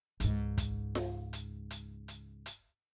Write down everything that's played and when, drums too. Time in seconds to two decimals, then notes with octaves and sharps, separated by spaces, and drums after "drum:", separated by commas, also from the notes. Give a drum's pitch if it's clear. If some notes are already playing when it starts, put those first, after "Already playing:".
0.20 C#2 G#2, drum: hi-hat
0.58 drum: kick, hi-hat
0.95 drum: snare F4
1.33 drum: hi-hat
1.70 drum: hi-hat
2.08 drum: hi-hat
2.46 drum: hi-hat